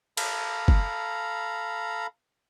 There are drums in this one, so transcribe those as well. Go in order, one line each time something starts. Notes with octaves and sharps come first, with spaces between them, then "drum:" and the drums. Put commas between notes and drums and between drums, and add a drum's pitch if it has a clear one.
A4 F5 A#5 B5, drum: cymbal
drum: kick